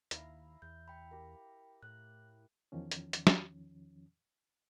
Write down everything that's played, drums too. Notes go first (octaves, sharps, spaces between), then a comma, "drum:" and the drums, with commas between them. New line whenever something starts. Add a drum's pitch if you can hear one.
D#2 E4 F5 A#5, drum: hi-hat
E2 G6
G5 B5
G4 A#4
A2 F#6
E2 D#3 F3 C#4
drum: hi-hat
drum: hi-hat
drum: snare